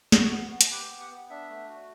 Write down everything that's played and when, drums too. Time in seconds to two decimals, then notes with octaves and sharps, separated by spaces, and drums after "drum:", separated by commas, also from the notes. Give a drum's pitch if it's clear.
0.12 F#4 B4, drum: snare
0.32 B3
0.51 B3
0.61 drum: hi-hat
0.71 G4 B4
0.91 B3
1.00 F#5
1.11 B3
1.30 D4 E5
1.50 A3
1.69 F#4